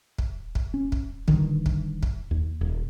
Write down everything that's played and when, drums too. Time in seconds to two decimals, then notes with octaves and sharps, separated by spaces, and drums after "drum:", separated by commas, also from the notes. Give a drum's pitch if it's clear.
0.18 drum: kick
0.55 drum: kick
0.74 C#4
0.92 drum: kick
1.28 G2 A#2 D3 D#3, drum: kick
1.66 drum: kick
2.03 drum: kick
2.31 D#2
2.61 D#1